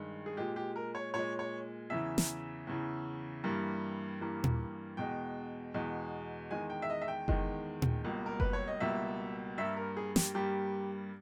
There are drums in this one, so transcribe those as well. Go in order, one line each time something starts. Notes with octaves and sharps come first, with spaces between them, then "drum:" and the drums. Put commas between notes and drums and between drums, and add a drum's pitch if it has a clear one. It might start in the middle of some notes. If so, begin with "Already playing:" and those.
Already playing: G2 D#3 G#3
G#4
A#2 G#3 G4
G4
A#4
C#5
A#2 G#3 C#5
C#5
E2 C#3 E3 E5
drum: snare
E2 C#3 E3
G2 E3 G3 A#3
G2 E3 G3 A#3
drum: tom A#2
E2 B2 G#3 G5
E2 B2 G#3
E2 D#3 G#3 G#5
G5
E5
D#5
E5
G5
E2 D#3 G#3, drum: kick F#1
drum: tom A#2
C#2 B2 G3 A#3
A#4
B4, drum: kick F#1
C#5
D#5
C#2 B2 G3 A#3 E5
G2 G3 A#3 E5
A#4
G#4
G4, drum: snare
G2 G3 A#3 G4